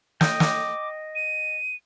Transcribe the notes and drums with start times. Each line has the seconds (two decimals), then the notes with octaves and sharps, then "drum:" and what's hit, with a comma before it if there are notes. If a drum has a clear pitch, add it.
0.21 D#5 G5, drum: snare
0.40 D6, drum: snare
1.15 D#7